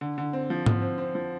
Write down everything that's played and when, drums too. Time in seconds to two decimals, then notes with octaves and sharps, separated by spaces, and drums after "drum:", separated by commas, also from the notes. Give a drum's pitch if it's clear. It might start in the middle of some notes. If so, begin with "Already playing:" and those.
0.01 D3
0.18 D3
0.33 C4
0.50 F3
0.66 F3, drum: tom G#2
0.82 C4
0.98 C4
1.15 F3